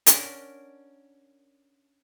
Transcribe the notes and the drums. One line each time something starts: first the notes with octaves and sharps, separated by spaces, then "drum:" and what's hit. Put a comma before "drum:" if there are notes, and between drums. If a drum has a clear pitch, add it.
C#4 D4 F#4 A#4, drum: hi-hat